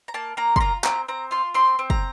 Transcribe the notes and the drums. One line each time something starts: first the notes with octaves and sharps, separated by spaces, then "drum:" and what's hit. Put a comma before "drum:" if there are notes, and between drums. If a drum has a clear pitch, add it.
A#5
A#3 A5
A#3 A#5
C6, drum: kick
F4 A#5
C4 A#5, drum: clap
C4 A#5
F4 C6
C4 C6
C4
A#5, drum: kick